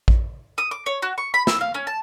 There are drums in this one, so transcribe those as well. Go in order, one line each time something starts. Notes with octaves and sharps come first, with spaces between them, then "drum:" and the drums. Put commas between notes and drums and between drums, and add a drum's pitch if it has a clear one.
drum: kick
D#6
D6
C#5
F#4
C#6
B5
E6, drum: snare
F5
C#4
A5